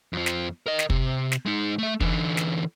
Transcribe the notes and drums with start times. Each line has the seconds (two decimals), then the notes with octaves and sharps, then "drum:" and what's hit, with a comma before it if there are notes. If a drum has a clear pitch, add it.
0.13 F2 F3
0.26 drum: snare
0.66 A#4 D#5
0.79 drum: snare
0.90 C3, drum: kick
1.32 drum: snare
1.46 G#3 D#4
1.78 A3 E5
2.01 D3 E3, drum: kick
2.37 drum: snare